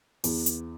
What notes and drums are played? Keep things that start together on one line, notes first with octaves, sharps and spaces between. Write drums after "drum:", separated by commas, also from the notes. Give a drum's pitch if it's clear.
E2, drum: open hi-hat
drum: hi-hat